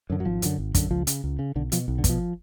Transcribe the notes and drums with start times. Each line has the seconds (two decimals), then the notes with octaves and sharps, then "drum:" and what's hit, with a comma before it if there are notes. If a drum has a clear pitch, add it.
0.10 F#2 D3
0.20 F#3
0.25 G#1 F3
0.42 F#2 D3, drum: hi-hat
0.58 G#1
0.75 F#2 D3, drum: kick, hi-hat
0.91 C#2 F3
1.07 C#3, drum: hi-hat
1.24 C#2
1.39 C#3
1.55 B1 D3
1.72 B2 F3, drum: hi-hat
1.88 B1
1.98 D3
2.04 B2, drum: kick, hi-hat
2.09 F3